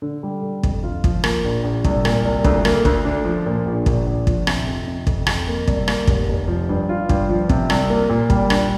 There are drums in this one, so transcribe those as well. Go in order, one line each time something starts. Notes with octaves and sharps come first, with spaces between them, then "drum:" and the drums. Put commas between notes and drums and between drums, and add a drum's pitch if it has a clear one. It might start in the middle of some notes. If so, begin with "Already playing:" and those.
D3
G3
D3
F2, drum: kick
F4
F3, drum: kick
A#3, drum: rim click
A#1
A#1
C2, drum: kick
A#2, drum: rim click
C2
D2, drum: kick
A#3, drum: rim click
D2, drum: kick
D4
F3
A#2
A#1
A#1, drum: kick
A#1
F3, drum: kick
C3, drum: rim click
F2
C3
F2, drum: kick
F2, drum: rim click
A#3
C2, drum: kick
A#3, drum: rim click
F1, drum: kick
F1
F3
G2
F4
G2, drum: kick
F3
C3, drum: kick
C2, drum: rim click
A#3
A#2
G3, drum: kick
D4, drum: rim click